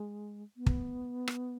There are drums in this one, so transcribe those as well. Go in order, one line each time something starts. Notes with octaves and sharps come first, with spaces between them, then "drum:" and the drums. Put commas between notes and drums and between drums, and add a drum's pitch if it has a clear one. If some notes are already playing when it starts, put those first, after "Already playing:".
Already playing: G#3
B3
drum: kick
drum: rim click